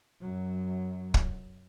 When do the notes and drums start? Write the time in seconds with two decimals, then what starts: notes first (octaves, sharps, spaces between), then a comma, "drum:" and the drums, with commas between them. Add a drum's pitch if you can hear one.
0.21 F#2 F#3
1.14 drum: kick